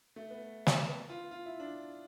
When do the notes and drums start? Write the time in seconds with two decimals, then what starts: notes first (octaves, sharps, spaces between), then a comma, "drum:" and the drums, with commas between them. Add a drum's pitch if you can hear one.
0.16 A3
0.30 B3
0.67 drum: snare
0.88 B3
1.09 F4
1.31 F4
1.46 E4
1.60 D4